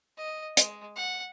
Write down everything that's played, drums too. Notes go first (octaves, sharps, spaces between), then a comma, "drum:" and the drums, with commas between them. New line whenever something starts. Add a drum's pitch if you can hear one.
D#5
G#3, drum: hi-hat
F#5